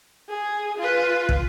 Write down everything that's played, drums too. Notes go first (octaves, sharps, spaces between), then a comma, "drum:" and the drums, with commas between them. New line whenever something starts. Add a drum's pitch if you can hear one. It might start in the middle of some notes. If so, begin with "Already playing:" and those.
G#4
F4 B4
drum: kick